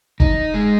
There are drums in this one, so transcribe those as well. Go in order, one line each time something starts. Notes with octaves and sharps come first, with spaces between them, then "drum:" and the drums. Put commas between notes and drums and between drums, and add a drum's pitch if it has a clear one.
D#4, drum: kick
G#3